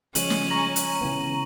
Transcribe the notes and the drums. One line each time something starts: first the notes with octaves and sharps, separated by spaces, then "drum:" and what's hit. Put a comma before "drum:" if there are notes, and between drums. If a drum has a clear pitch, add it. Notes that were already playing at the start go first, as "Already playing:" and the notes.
C#3 F3 G#3 C#4 D#7 F#7, drum: hi-hat
drum: snare
A#5 C#6 A#6 F#7
drum: hi-hat
C#3 E3 B3